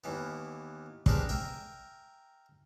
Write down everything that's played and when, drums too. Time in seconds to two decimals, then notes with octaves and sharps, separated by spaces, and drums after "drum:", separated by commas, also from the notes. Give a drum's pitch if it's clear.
0.04 D#2 E3 B3
1.06 C4 D4 G4 G#4 A#4 B4, drum: kick
1.29 A#4 E5 G5 G#5